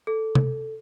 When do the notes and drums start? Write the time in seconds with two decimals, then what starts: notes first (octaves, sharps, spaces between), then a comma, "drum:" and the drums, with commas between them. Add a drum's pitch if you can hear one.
0.07 A4
0.35 drum: tom C3